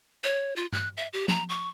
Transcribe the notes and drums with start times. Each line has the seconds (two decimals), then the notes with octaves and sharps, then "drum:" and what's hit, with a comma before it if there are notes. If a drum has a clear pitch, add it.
0.24 C#5
0.56 F4
0.72 F#6, drum: tom G2
0.97 E5
1.13 G4
1.28 A#5, drum: tom
1.49 C#6